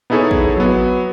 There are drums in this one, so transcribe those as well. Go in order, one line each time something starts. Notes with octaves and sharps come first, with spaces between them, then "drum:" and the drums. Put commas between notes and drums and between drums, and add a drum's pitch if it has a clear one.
B3 D#4 E4 G#4 A4 C#5
drum: kick
F#3 B3